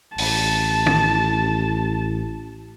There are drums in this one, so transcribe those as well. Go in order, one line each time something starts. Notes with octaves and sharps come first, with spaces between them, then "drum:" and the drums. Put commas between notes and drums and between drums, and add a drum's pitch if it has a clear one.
A1 A5, drum: open hi-hat
drum: tom